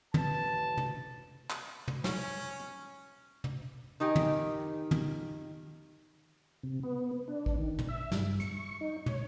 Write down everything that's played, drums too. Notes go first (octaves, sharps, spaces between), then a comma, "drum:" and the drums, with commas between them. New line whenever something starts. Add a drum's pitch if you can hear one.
A1 B4 A5, drum: tom
drum: tom
drum: clap
drum: tom
C#4, drum: snare
drum: hi-hat
drum: tom
D#3 D#4 G4 G#5
drum: tom
drum: tom
C3
B3
D4
drum: kick A1
D#3
drum: tom
E5
G2, drum: snare
C#6, drum: hi-hat
D#4
C#5, drum: tom